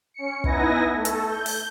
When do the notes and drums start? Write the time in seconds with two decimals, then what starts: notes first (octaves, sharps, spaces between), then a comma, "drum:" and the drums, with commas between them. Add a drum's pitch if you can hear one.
0.14 C#4 C#7
0.44 B3 D#4 E4 B4 G#5 A#6, drum: kick
0.92 A3 A4
1.05 drum: hi-hat
1.28 G6
1.46 drum: open hi-hat